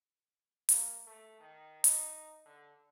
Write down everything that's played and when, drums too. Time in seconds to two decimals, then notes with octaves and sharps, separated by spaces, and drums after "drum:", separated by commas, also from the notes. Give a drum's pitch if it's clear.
0.69 A#3, drum: hi-hat
1.07 A3
1.40 D#3
1.84 D#4, drum: hi-hat
2.45 D3